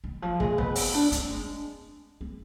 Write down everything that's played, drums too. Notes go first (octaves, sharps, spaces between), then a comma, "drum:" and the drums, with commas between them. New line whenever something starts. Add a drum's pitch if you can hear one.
D#3
F3
G#3, drum: kick
B3, drum: kick
C4, drum: open hi-hat
D4
C4, drum: hi-hat
G#3
C4